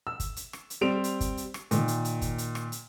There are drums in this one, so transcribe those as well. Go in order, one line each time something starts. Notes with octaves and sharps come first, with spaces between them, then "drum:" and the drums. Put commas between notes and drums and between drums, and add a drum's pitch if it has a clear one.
E6
drum: kick, hi-hat
drum: hi-hat
drum: rim click
drum: hi-hat
G3 C4 D7 F7
drum: hi-hat
drum: kick, hi-hat
drum: hi-hat
drum: rim click
A#2 D#3, drum: hi-hat
drum: hi-hat
drum: hi-hat
drum: kick, hi-hat
drum: hi-hat
drum: rim click
drum: hi-hat